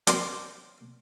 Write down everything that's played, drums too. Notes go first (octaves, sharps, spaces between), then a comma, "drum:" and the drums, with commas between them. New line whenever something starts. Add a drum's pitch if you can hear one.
F#3 C4 D4 A#4 C6, drum: hi-hat